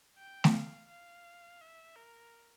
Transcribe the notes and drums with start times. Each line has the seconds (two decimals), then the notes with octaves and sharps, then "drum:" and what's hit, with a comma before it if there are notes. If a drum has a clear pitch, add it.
0.18 G5
0.44 drum: snare A3
0.54 F5
0.89 F5
1.61 E5
1.96 A#4